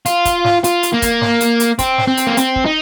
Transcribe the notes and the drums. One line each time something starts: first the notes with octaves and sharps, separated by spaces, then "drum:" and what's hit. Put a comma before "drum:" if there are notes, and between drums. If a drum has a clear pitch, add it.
F4, drum: hi-hat
drum: kick, hi-hat
drum: snare
F4, drum: hi-hat
drum: hi-hat
A#3
drum: kick, hi-hat
drum: snare
drum: hi-hat
drum: hi-hat
C4, drum: kick, hi-hat
drum: snare
C4
drum: hi-hat
A#3
C4, drum: hi-hat
drum: kick
D#4